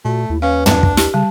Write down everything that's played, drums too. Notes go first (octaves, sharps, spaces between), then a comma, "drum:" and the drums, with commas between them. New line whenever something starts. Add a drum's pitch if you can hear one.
A#2 A3 F#4
D#2 E4
C#4 B4 F5
D4, drum: tom
drum: kick
G4, drum: snare
C#3 G3 A5